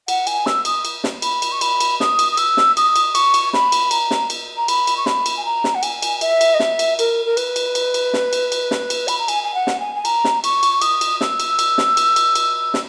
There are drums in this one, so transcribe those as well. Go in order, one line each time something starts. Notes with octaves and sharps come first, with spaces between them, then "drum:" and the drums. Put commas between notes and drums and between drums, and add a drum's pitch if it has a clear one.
F#5, drum: cymbal
G#5, drum: cymbal
E6, drum: snare
D#6, drum: cymbal
drum: cymbal
drum: snare
B5, drum: cymbal
drum: cymbal
C#6
B5, drum: cymbal
drum: cymbal
D#6, drum: snare
drum: cymbal
D#6
E6, drum: cymbal
drum: snare
D#6, drum: cymbal
drum: cymbal
C#6, drum: cymbal
drum: cymbal
B5, drum: snare
drum: cymbal
A#5, drum: cymbal
drum: snare
drum: cymbal
A#5
B5, drum: cymbal
drum: cymbal
C#6
B5, drum: snare
drum: cymbal
G#5
A#5
drum: snare
F#5
G#5, drum: cymbal
drum: cymbal
E5, drum: cymbal
drum: cymbal
D#5
E5, drum: snare
drum: cymbal
A#4, drum: cymbal
A#4
B4, drum: cymbal
drum: cymbal
drum: cymbal
drum: cymbal
drum: snare
drum: cymbal
drum: cymbal
drum: snare
drum: cymbal
B5, drum: cymbal
A#5
G#5, drum: cymbal
G#5
F#5
drum: snare
G#5
G#5
A#5, drum: cymbal
drum: snare
C#6, drum: cymbal
drum: cymbal
D#6, drum: cymbal
drum: cymbal
E6, drum: snare
drum: cymbal
drum: cymbal
drum: snare
drum: cymbal
drum: cymbal
drum: cymbal
drum: snare